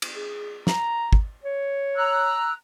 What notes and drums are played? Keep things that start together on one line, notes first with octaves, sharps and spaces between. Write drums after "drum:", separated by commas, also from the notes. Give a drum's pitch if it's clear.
drum: cymbal
G#4
A#5, drum: snare
drum: kick
C#5
A#5 E6 F#6